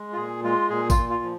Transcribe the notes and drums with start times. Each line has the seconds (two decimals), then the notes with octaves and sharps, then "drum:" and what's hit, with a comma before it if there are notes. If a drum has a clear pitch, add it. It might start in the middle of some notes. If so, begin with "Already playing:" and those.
Already playing: G#3
0.13 F4
0.17 A#2 G#4
0.44 G#3 F4
0.70 A#2 G#4
0.90 F4, drum: kick, tambourine
0.96 A#2
1.09 F4
1.23 F3